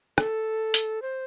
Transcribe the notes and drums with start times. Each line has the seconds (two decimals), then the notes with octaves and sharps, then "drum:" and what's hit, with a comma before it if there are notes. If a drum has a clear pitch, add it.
0.18 A4, drum: rim click
0.74 drum: hi-hat
1.02 C5